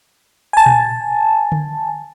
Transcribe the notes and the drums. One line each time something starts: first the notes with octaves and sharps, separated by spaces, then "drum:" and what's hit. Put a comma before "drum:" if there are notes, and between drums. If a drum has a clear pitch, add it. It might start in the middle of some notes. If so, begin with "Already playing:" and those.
G#5 A5
drum: tom A#2
drum: tom D3